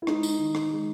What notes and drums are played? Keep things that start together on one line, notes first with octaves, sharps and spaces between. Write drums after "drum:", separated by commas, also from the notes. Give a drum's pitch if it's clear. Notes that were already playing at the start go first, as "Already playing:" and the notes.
E4
G#3 D#4, drum: rim click
drum: tambourine
D#3
drum: rim click
G#3